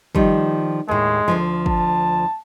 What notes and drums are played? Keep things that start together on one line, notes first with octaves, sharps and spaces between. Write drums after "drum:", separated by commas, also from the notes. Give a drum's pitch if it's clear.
D#3 F3 G3, drum: kick
D#2 A2 G#3
D2 G2 F3
A5, drum: kick